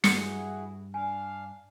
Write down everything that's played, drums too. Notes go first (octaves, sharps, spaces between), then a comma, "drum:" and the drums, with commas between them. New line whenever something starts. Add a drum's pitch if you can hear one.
G2 E4 F#4 G#4 C#7, drum: snare
D4 F5 G#5